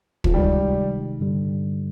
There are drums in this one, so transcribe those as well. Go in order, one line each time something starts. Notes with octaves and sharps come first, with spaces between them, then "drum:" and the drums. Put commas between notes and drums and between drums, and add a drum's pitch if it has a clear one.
F3, drum: kick
C3 D#3 G3 G#3 D#4
G2 D3 G3